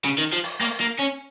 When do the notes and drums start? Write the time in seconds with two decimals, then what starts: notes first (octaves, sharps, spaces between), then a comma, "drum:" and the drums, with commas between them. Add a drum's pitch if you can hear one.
0.05 C#3
0.18 D#3
0.33 F3
0.44 drum: open hi-hat
0.60 A#3, drum: open hi-hat
0.80 A#3
0.99 C#4